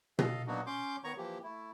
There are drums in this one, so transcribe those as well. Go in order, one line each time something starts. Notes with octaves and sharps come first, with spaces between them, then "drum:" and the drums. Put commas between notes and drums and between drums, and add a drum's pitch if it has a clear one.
A4 D#5 F5, drum: tom B2
F#3 A#3 B3 D4 D#4 F#4
C#4 C6 D6 G6
D#3 B3 C#5 A#5 C#6
E3 F3 A#3 G4
A3 E4